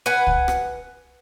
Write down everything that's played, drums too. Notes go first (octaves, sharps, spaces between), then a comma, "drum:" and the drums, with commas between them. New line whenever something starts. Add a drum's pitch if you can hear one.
B4 F#5 G#5
drum: kick C2
drum: rim click